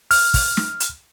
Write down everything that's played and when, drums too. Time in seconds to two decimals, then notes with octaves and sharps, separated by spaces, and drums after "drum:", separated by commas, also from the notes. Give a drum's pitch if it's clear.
0.11 F6, drum: open hi-hat
0.34 drum: kick, open hi-hat
0.57 drum: snare
0.80 drum: hi-hat